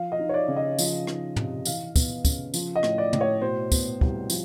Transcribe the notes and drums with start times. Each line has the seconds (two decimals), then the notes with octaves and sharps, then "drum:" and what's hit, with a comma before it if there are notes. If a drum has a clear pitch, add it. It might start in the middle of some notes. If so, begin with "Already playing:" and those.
Already playing: F3 F5
0.12 D#5
0.19 D#4
0.29 C#5
0.34 D5
0.48 C#3
0.56 D#5
0.79 F3, drum: tambourine
1.07 D#4, drum: rim click
1.36 C3, drum: tom
1.65 E3 F5, drum: tambourine
1.96 B3, drum: kick, tambourine
2.25 C#3, drum: kick, tambourine
2.54 F3, drum: tambourine
2.76 D#5
2.83 A2, drum: rim click
2.98 D5
3.13 A2, drum: tom
3.21 C#5
3.41 B2 C5
3.72 B3, drum: kick, tambourine
4.01 C2, drum: kick
4.30 F3, drum: tambourine